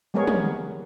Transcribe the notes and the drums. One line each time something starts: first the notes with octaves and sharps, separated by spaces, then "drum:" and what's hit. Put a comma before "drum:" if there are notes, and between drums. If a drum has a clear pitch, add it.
G3 G#3 B3 G#4 A#4 C#5
drum: tom